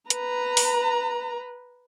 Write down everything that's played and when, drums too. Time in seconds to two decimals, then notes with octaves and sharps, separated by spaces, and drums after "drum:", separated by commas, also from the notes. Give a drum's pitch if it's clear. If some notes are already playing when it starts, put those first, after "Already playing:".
0.10 B4 A#5, drum: hi-hat
0.57 drum: open hi-hat